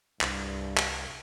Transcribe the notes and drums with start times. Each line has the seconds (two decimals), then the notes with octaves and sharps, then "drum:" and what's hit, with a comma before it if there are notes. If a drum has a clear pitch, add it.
0.21 C2 G2, drum: clap
0.77 drum: clap